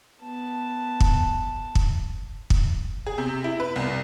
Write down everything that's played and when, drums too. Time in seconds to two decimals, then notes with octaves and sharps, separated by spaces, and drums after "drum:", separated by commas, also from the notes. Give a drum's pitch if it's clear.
0.22 B3 A5
1.00 drum: kick
1.75 drum: kick
2.50 drum: kick
3.07 G#4
3.18 C3
3.44 E4
3.60 B4
3.76 C2